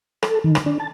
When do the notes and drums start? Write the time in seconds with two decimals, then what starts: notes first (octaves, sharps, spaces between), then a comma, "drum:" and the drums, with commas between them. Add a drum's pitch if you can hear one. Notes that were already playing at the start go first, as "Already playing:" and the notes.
0.23 A4, drum: rim click
0.44 D#3
0.55 drum: rim click
0.66 D4
0.80 A5